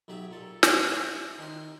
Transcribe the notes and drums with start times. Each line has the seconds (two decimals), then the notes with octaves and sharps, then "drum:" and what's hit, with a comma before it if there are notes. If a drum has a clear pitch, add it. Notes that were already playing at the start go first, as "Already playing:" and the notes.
0.08 B1 F#3 G4 G#4 E5
0.31 A#2 A4
0.63 F#4 G4 C5 D5, drum: snare
0.92 D5 E5 F#5 C#6
1.38 D#3 G5 C6